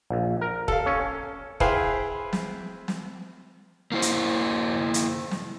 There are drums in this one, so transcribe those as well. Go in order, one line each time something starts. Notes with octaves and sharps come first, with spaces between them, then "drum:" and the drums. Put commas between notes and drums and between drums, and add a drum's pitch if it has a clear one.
A#1
A#4
A4 F5, drum: kick
C#4
E4 G#4 B4 C5 F5 G5, drum: kick
drum: snare
drum: snare
A#3 E4 C5
drum: hi-hat
drum: hi-hat
drum: snare